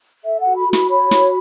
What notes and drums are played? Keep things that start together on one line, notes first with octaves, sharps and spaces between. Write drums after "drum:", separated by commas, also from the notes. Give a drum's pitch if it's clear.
A4 E5
F#5
F#4
B5
F#4
B5, drum: snare
C#5 B5
F#4, drum: snare